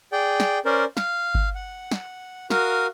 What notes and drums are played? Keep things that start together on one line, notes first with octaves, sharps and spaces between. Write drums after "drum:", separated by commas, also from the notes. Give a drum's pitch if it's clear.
G#4 D5 G5
drum: snare
C#4 A#4 C5 D5
F5, drum: snare
drum: kick G1
F#5
drum: snare
F#4 A#4 F5 D#6, drum: snare